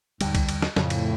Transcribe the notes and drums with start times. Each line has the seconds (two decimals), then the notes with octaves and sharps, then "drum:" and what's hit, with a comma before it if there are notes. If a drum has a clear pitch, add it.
0.21 D#2 G#2 D3 G3, drum: cymbal
0.35 drum: kick B1, cymbal
0.49 drum: cymbal
0.62 drum: snare
0.76 F2 A2 C#3 F3, drum: snare
0.90 drum: cymbal